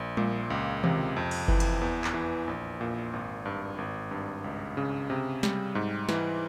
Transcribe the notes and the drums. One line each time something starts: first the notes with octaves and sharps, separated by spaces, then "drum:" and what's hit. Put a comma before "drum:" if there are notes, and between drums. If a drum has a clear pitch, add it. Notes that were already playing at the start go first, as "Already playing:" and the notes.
Already playing: A#1
A#2, drum: tom G3
C#2
C3, drum: tom D#3
F2
drum: cymbal
E3, drum: kick F#1
drum: cymbal
E2
drum: clap
E3
A#1
A#2
G#1
G2
G#1
G2
C#2
C#3
C3
G3, drum: snare
G#2
E3, drum: snare